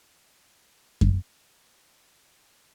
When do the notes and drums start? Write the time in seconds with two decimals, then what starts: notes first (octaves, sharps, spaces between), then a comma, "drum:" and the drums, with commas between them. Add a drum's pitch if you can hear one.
1.01 drum: kick F#2
1.25 E4 G#4 A#5 F6
2.43 B3